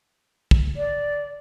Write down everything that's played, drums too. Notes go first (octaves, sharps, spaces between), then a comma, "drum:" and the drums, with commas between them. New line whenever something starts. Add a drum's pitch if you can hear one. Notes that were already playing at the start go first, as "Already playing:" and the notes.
drum: kick
D5